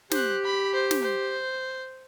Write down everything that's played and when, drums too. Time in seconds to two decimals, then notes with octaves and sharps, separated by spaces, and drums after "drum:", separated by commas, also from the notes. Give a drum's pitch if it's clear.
0.11 G4 C5 F#6, drum: snare
0.45 B5
0.74 C5
0.91 drum: snare
1.03 C5